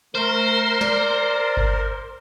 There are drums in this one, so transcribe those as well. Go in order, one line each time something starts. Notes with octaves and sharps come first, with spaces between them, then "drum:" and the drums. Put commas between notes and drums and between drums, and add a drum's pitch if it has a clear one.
A3 A#4 C5
D5, drum: snare
drum: kick G1